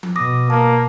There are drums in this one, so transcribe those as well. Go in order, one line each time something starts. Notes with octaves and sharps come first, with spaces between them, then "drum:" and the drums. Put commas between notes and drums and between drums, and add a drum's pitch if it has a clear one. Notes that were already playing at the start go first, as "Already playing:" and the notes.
drum: tom F3
B2 D6 D#6 A#6
A#3 A5